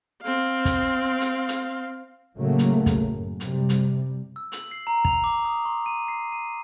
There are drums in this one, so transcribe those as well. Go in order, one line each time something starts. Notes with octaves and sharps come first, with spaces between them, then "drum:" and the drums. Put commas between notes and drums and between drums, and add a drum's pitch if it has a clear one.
C4 F5
drum: kick, hi-hat
drum: hi-hat
drum: hi-hat
A2 C#3 F#3 A3 A#3
drum: hi-hat
drum: kick, hi-hat
F#2
C3 G3, drum: hi-hat
drum: hi-hat
E6
F#7, drum: hi-hat
C7
A#5
F7, drum: kick
D6
D#6
C6
D#7
C7
D#7